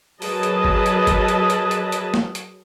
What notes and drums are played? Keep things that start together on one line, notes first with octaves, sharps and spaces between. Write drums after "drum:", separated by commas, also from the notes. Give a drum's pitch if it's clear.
F#3 G#4 A#4 B4 D#5 A5, drum: open hi-hat
drum: hi-hat
drum: kick G1
drum: hi-hat
drum: kick G1, hi-hat
drum: hi-hat
drum: hi-hat
drum: hi-hat
drum: hi-hat
drum: snare
drum: hi-hat